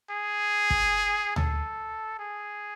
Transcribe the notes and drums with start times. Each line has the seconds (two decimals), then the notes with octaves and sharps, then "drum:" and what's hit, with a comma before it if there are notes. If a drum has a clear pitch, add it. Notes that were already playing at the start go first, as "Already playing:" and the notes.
0.10 G#4
0.70 drum: kick
1.36 A4, drum: tom D2
2.19 G#4